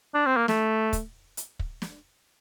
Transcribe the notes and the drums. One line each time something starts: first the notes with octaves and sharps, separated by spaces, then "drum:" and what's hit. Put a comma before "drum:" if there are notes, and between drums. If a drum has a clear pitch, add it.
D4
C4
A#3
A3, drum: snare
drum: kick, hi-hat
drum: hi-hat
drum: kick
drum: snare